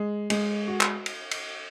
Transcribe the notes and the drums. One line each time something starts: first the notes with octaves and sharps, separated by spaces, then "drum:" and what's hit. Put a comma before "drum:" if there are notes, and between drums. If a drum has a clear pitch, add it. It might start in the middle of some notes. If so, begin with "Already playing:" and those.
Already playing: G#3
G#3, drum: cymbal
F#4
drum: clap
drum: cymbal
drum: cymbal